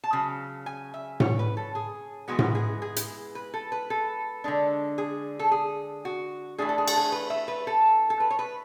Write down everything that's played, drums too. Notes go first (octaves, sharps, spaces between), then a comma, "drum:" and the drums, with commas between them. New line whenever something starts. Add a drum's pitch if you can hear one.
A5
C#3 F#3
G#5
E5
C#5, drum: tom A2
B4
A4
G#4
E3 G#3 B3 F#4
drum: tom A2
G#4
G#4
drum: hi-hat
B4
A4
B4
A4
D3 G#3 D4
G#4
A4
G#4
F#4
E3 A3 D4 G#4
A4
G#4
A4, drum: cymbal
G#4
B4
E5
B4
A4
A4
B4
C#5
B4